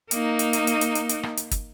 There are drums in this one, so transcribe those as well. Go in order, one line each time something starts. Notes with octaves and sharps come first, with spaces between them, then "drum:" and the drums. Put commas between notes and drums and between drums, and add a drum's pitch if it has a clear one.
A#3 D#4, drum: hi-hat
drum: hi-hat
drum: hi-hat
drum: hi-hat
drum: hi-hat
drum: hi-hat
drum: hi-hat
drum: rim click
drum: hi-hat
drum: kick, hi-hat